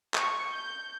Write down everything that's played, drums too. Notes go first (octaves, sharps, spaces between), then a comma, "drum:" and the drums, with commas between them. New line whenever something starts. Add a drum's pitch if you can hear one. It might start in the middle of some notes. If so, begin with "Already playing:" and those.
C#6, drum: clap
G6